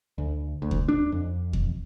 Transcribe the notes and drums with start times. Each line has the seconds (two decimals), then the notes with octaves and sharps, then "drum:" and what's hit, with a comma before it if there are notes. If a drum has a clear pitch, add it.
0.18 D2
0.62 D2
0.71 drum: kick D#2
0.89 D4
1.12 F2
1.53 drum: kick D#2